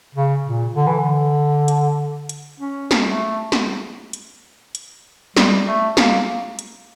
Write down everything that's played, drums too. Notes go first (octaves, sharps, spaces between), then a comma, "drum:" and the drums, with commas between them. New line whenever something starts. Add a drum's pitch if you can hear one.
C#3
A#2
D3
E3
D3
drum: hi-hat
drum: hi-hat
C#4
drum: snare
A3
drum: snare
drum: hi-hat
drum: hi-hat
G3, drum: snare
A3
A#3, drum: snare
drum: hi-hat